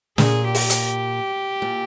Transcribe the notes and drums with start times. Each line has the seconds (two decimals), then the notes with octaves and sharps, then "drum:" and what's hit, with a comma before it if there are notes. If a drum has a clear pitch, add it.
0.18 A#2 G#4, drum: snare
0.55 G4, drum: open hi-hat
0.70 drum: hi-hat
1.62 A#2